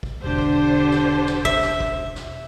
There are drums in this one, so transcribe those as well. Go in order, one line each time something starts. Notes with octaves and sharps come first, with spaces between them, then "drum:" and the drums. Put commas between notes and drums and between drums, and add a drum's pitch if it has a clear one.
drum: kick
E1 D3 D4 G4 C5
drum: kick
drum: snare
drum: snare
E5, drum: kick
drum: snare
drum: kick
drum: snare